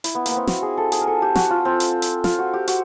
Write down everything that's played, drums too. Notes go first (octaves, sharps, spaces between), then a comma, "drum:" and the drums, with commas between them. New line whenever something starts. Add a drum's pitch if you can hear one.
E4, drum: hi-hat
B3
A#3, drum: hi-hat
B3 C4
F#4, drum: snare
G#4
A4
G#4, drum: hi-hat
A#4
A4
G4
F#4, drum: snare
F4
C4
drum: hi-hat
drum: hi-hat
F4, drum: snare
F#4
G4
F#4, drum: hi-hat